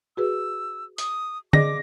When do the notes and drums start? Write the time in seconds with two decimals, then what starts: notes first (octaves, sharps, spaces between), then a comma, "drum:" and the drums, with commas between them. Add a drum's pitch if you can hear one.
0.17 F#4 G#4 B4 E6
0.98 D#6, drum: hi-hat
1.53 G#4 D5 D#5 D6 A#6, drum: tom